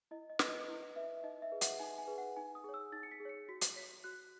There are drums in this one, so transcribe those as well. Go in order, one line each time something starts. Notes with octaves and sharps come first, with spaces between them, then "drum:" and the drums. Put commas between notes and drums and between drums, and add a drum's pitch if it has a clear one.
E4 D#5
D#5
B4, drum: snare
D#5
E4
B4 E5
D#4 D#5
E5
G#4 B4
F#5, drum: hi-hat
D#4 G#5
G#5
G#4 B4
F#5
D#4 G#5
D#6
G#4 C#5
E6
D#4 A6
C#7
B6
G#4
C#5 C#7
F#4 B6
drum: hi-hat
C#5 B6
F#4 F#6